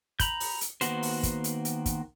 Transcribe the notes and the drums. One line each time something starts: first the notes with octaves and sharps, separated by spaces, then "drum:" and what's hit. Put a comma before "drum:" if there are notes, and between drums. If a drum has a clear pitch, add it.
A#5 B5 G6, drum: kick, hi-hat
drum: open hi-hat
drum: hi-hat
D#3 A#3 B3 F#4 C5, drum: hi-hat
drum: open hi-hat
drum: kick, hi-hat
drum: hi-hat
drum: hi-hat
drum: kick, hi-hat